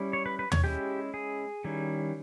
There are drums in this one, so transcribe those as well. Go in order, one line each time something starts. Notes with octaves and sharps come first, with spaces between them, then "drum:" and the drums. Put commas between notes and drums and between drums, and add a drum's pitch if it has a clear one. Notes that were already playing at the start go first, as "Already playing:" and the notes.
Already playing: G3 C#4 E4
C#5
B4
B4
C#5, drum: tom
G#3 C#4 E4 G4
G#4
D#3 G3 C#4 E4